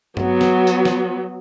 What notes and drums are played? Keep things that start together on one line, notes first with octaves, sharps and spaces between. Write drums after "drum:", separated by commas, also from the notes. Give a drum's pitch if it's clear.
F#3 B3, drum: tom G2
drum: snare
drum: tambourine
drum: snare